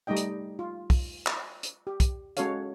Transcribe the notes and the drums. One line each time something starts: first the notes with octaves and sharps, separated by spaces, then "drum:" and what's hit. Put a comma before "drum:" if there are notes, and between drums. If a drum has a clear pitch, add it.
G3 A3 D#4 D#5 G5
drum: hi-hat
F4
drum: kick, open hi-hat
drum: clap
drum: hi-hat
G4
drum: kick, hi-hat
G#3 C#4 F#4 A4 C#5 F5, drum: hi-hat